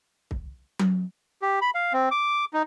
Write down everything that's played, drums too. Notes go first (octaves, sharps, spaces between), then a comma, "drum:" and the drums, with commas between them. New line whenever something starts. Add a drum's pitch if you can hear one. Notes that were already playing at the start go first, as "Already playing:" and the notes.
drum: kick
drum: tom F#3
G4
B5
F5
C4
D6
D#4